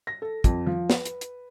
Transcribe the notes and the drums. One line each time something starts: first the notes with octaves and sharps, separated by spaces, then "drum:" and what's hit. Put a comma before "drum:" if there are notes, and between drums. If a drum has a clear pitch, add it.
A#6
A4
F2, drum: kick, hi-hat
F3
B4, drum: snare
drum: hi-hat
drum: hi-hat